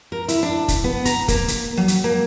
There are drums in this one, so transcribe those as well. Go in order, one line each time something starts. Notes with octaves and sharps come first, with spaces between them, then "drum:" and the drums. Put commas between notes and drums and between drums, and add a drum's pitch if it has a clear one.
A#4
E4, drum: hi-hat
D4
drum: kick, hi-hat
B3
A#5, drum: hi-hat
A#3, drum: kick, hi-hat
drum: hi-hat
F#3
drum: hi-hat
A#3